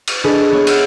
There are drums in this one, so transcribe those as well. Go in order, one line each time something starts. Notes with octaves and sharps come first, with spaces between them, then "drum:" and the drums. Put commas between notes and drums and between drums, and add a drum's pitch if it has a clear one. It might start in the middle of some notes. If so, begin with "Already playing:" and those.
drum: cymbal
D4 E4 G#4 A4 B4 D#5
B3 C#5
E5 F#5 E6 F6, drum: cymbal